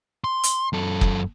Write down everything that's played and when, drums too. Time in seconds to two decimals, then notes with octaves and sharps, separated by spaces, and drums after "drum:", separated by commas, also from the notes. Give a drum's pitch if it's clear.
0.24 C6
0.43 drum: hi-hat
0.73 F#2 A4
1.01 drum: kick